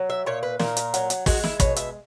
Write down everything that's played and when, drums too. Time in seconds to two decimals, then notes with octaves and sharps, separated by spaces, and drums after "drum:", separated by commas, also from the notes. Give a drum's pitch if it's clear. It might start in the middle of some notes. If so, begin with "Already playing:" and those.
Already playing: F#3
0.10 E5
0.26 A#2 C#5
0.43 B4
0.60 A#2 A#4, drum: snare
0.77 drum: hi-hat
0.94 F#3, drum: hi-hat
1.10 drum: hi-hat
1.26 G#3 F#4, drum: kick, open hi-hat
1.44 E4, drum: snare
1.60 B2 C#5, drum: kick, hi-hat
1.76 E5, drum: hi-hat